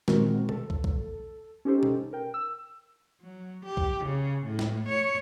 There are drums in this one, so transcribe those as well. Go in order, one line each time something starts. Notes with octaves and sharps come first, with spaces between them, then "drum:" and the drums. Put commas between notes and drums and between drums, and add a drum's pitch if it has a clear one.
A#2 D#3 G#3 C4 F#4 A#4, drum: snare
A4, drum: tom B2
drum: kick
drum: kick
C#4 D#4 G4 A4 C5
drum: tom B2
A#4 G5
E6
F#3
G4
drum: kick
C#3
A2
drum: snare
C#5